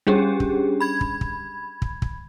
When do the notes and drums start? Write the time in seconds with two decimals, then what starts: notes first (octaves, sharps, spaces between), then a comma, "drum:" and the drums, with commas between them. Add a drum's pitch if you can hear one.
0.07 G3 C#4 D4 G4 G#4
0.40 drum: kick
0.80 B5 G#6
1.01 drum: kick
1.21 drum: kick
1.82 drum: kick
2.02 drum: kick